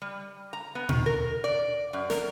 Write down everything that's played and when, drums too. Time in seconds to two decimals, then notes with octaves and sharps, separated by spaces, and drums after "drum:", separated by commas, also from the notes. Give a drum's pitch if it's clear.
0.02 G3
0.53 A#5
0.75 B3
0.89 D#3, drum: tom A#2
1.06 A#4
1.44 D5
1.93 F#2
2.10 A#4, drum: snare